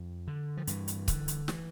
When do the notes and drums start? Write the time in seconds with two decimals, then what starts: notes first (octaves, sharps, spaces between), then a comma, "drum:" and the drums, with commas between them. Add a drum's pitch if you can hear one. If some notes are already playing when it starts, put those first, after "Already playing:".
Already playing: F2
0.27 D3
0.57 F3
0.67 G2 E3, drum: hi-hat
0.88 drum: hi-hat
1.08 D3, drum: kick C#1, hi-hat
1.28 drum: hi-hat
1.48 E3, drum: snare